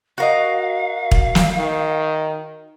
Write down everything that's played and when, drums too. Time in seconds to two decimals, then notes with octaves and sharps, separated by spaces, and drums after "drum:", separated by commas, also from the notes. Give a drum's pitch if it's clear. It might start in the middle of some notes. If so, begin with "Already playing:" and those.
0.18 F#4 A#4 D#5 F5
1.11 drum: kick
1.35 drum: snare
1.59 D#3